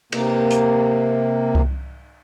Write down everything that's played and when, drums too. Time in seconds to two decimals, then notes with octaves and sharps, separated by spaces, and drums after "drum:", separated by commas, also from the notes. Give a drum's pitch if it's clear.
0.12 C3 A#3, drum: cymbal
0.50 drum: hi-hat
1.55 drum: kick C2